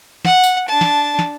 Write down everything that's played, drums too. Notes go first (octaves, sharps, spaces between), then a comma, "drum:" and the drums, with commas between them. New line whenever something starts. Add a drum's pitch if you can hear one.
F#5, drum: snare
drum: tambourine
D4 A5
drum: snare
drum: snare